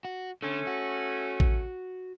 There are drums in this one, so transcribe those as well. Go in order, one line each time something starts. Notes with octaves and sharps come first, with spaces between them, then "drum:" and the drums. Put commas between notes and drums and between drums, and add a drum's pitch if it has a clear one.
F#4
D3 A3 C#4
F#4
drum: kick A1